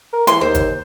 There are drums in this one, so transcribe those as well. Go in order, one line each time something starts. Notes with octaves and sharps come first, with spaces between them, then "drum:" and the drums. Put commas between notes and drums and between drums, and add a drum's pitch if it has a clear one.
A#4
E3 C6, drum: hi-hat
D#2 C5
drum: kick G1, hi-hat